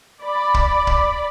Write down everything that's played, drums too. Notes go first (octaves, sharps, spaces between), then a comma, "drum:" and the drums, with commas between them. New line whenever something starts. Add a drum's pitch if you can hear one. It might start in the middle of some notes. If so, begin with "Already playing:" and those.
D5 B5
drum: kick
drum: kick